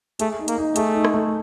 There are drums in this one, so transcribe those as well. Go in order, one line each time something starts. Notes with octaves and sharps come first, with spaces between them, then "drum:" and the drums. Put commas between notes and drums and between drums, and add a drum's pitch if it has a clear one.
A3 G#4, drum: hi-hat
D#4
A#3, drum: hi-hat
D#4
A3 G#4, drum: hi-hat
D#4
drum: rim click
A3